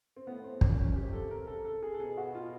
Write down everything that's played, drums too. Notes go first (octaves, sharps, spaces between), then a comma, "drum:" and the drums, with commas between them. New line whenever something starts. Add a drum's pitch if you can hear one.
C4
A2 B3
C4
A#2 C#4, drum: kick
C#4
C3 G4
A4
C3 A#4
A4
A4
G#4
A4
B2 G#4
F#4
F4